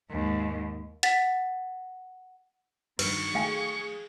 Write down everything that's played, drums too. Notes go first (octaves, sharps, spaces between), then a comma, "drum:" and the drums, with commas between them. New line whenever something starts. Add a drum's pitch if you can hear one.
D#2 G#2
F#5 A6 B6, drum: hi-hat
G2 D#3 F#3 B3 B4 C#6, drum: cymbal
A3 G#4 F5 G5 G#5